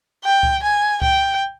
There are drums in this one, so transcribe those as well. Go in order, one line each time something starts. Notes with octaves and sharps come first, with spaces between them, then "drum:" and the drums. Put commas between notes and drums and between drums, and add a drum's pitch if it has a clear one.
G5
drum: kick C#2
G#5
G5, drum: kick C#2